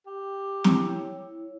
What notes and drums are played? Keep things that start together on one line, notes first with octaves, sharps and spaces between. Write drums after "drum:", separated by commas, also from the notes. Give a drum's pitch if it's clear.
G4
E4 C#5, drum: snare